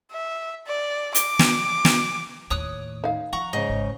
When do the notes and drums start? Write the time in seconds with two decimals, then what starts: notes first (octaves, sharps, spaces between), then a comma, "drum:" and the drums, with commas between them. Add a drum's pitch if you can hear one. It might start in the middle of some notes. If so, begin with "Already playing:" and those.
0.12 E5
0.66 D5
1.15 D6, drum: hi-hat
1.39 drum: snare
1.85 drum: snare
2.50 D#2 A2 C#5 D#6 F#6
3.04 D#4 F5
3.33 F3 F#5 A#5 C#6
3.53 G#2 C#3 D#5
3.69 G#1